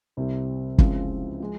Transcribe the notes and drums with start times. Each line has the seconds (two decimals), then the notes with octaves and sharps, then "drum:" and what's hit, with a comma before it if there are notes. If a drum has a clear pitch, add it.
0.17 C2 C3 G3 C4
0.78 C#2 C#3 F3 G#3 C4, drum: kick
1.40 F3 G#3